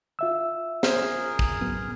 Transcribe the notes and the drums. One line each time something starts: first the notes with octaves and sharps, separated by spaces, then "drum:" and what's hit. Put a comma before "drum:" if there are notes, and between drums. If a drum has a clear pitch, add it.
F4 E5 E6
G#4 A#4 C5, drum: snare
drum: kick
F#2 A2 B3